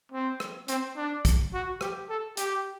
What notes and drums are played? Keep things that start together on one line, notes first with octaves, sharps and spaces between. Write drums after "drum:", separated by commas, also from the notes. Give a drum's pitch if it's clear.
C4
drum: rim click
C4, drum: hi-hat
D4
drum: kick, hi-hat
F#4
G4, drum: rim click
A4
G4, drum: hi-hat